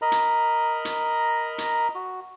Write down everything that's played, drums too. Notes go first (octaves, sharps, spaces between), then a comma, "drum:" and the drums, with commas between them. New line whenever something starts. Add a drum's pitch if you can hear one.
A#4 D#5 A#5 B5
drum: hi-hat
drum: hi-hat
drum: hi-hat
F#4